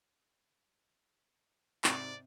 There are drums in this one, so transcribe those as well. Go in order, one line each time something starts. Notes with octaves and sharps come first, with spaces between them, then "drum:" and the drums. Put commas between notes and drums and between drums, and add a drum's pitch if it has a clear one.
G#2 C3 D5, drum: clap